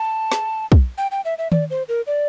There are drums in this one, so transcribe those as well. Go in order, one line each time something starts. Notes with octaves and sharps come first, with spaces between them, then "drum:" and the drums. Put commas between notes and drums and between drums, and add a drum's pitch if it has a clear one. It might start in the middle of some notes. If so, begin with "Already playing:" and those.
Already playing: A5
drum: snare
drum: kick
G5
G5
E5
E5
D5, drum: tom D#3
C5
A#4
D5